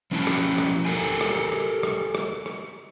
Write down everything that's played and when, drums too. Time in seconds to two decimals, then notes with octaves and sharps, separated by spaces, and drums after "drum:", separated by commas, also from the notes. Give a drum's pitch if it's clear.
0.11 F3 C#4 E4 C#5 G5 A5
0.27 drum: rim click
0.58 drum: rim click
0.85 G4 A4 A#4 G5 G#5
1.21 drum: rim click
1.52 drum: rim click
1.83 drum: rim click
2.15 drum: rim click
2.46 drum: rim click